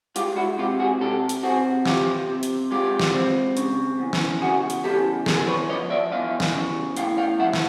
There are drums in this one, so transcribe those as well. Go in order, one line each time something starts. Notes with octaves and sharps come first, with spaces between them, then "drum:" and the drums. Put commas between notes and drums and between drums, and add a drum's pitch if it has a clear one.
G#3 F4 G4, drum: hi-hat
E4 F#4
C3 F4 G4
F#4 G#4
C3 G4 A4
drum: hi-hat
C4 F#4 G#4
C3 F4 G4, drum: snare
C3
drum: hi-hat
G#3 F4 G4
drum: snare
C4
C#3, drum: hi-hat
E2
drum: snare
C#3 F#4 G#4
drum: hi-hat
E2 G4 A4
E2 G#4 A#4, drum: snare
B4 C#5
F3 C#5 D#5
D5 E5
E2 D#5 F5
drum: snare
C#3
A2 F5 G5, drum: hi-hat
F5 G5
F3 E5 F#5
drum: snare